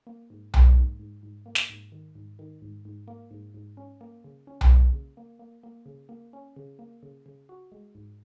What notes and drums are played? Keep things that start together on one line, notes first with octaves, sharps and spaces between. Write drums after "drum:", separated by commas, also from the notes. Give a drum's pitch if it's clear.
A#3
G#2
A#3, drum: tom B1
G#2
G#2
G#2
A#3
drum: snare
G#2
D#3
G#2
D#3
G#2
G#2
A#3
G#2
G#2
C#4
A#3
C#3
C#4
drum: tom B1
A#3
C#3
A#3
A#3
A#3
C#3
A#3
C#4
C#3
A#3
C#3
C#3
F#4
G#3
G#2